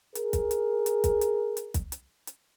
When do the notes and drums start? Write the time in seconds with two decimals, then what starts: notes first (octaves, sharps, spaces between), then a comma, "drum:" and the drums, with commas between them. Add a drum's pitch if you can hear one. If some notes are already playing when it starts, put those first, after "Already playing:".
0.15 G#4 A#4, drum: hi-hat
0.33 drum: kick, hi-hat
0.51 drum: hi-hat
0.86 drum: hi-hat
1.04 drum: kick, hi-hat
1.21 drum: hi-hat
1.57 drum: hi-hat
1.74 drum: kick, hi-hat
1.92 drum: hi-hat
2.27 drum: hi-hat